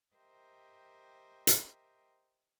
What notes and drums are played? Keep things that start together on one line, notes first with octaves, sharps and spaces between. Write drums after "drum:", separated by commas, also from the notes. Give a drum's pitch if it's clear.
G4 A#4 C5 D#5 E5 G5
drum: hi-hat